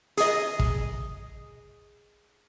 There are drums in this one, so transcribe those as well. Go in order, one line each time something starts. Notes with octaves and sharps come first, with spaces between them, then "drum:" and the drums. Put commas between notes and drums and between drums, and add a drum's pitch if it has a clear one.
G#4 D#5, drum: hi-hat
drum: kick